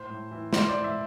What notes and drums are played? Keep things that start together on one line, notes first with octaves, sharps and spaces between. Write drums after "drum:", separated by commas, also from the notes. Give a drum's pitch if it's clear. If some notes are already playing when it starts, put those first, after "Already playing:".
Already playing: A2 C5
A2
E3
E3 C5, drum: snare
C5
D5
E3
E5